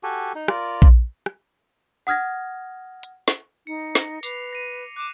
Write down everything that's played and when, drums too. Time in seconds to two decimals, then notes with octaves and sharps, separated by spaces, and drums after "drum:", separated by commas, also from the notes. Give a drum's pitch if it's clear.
0.03 F#4 G4 A4 G#5
0.35 D#4
0.48 F4 A#4 D5, drum: rim click
0.82 drum: kick A#1
1.26 drum: rim click
2.07 F#5 D#6 F6 G#6 A#6
3.03 drum: hi-hat
3.28 drum: snare
3.67 D#4 C#7
3.95 A#6, drum: snare
4.23 B4 D6 C7 F7, drum: tambourine
4.53 A#6 D#7
4.96 D6 F#6 E7